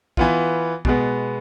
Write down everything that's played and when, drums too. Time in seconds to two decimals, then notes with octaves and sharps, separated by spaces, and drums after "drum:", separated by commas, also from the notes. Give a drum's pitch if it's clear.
0.17 E3 B3 F4, drum: kick
0.85 B2 G#3 B3, drum: kick